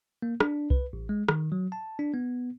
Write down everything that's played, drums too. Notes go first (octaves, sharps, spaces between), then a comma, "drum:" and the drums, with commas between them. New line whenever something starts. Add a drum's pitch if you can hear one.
A#3
D4, drum: rim click
B4, drum: kick C2
A1
G#3
D#3, drum: rim click
F#3
A5
D4
B3